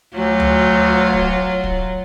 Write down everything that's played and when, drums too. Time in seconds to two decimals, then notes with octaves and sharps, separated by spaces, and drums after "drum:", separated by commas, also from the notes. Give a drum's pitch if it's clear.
0.15 D2 F#3 F4
0.40 drum: tom D2
1.14 drum: kick
1.64 drum: kick